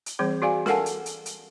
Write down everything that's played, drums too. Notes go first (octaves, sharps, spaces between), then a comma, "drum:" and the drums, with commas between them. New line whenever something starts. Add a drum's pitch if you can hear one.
drum: hi-hat
E3 G3 C4 G#4 C5
F#4 G#4 D5 F5 G#5
A4 A#4 F5 F#5 G#5 A5, drum: snare
drum: hi-hat
drum: hi-hat
drum: hi-hat